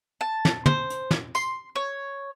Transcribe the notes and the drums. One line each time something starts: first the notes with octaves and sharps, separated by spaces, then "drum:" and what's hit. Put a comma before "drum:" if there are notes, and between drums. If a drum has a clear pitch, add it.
A5
drum: snare
C5, drum: tom
drum: hi-hat
drum: snare
C6, drum: tambourine
C#5